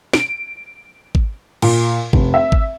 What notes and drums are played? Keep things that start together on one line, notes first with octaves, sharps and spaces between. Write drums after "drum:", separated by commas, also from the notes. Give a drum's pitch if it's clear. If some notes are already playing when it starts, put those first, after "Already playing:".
D7, drum: snare
drum: kick G#1
A#2, drum: cymbal
F1, drum: kick G#1
E5
drum: kick G#1